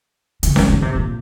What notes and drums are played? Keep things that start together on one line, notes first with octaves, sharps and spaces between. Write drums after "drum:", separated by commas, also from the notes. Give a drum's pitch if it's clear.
D3, drum: hi-hat
D#3, drum: snare C#4
D#3
C3
A#2